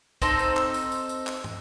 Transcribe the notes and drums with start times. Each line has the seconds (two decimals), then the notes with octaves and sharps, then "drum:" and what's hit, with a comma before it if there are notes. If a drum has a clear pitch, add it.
0.22 C4 D#4 A4 C5, drum: kick, tambourine
0.39 drum: tambourine
0.57 drum: clap
0.74 drum: tambourine
0.92 drum: tambourine
1.09 drum: tambourine
1.27 drum: clap
1.44 drum: tom